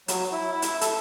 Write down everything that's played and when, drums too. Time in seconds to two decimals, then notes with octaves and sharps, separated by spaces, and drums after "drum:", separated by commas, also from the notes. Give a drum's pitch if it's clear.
0.08 F#3, drum: hi-hat
0.32 E4
0.53 E4
0.62 drum: hi-hat
0.81 A4, drum: hi-hat